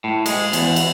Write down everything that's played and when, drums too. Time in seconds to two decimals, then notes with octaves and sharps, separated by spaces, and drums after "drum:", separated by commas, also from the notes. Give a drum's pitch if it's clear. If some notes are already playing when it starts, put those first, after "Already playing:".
0.04 A2
0.26 G#3, drum: cymbal
0.53 E2, drum: cymbal
0.76 drum: cymbal